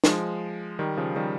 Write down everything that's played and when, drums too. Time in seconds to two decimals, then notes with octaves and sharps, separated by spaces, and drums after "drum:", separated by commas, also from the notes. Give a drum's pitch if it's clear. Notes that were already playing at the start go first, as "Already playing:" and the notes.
0.04 F3 G#3, drum: snare
0.79 D#3 G3
0.97 C#3 F3
1.16 D#3 G3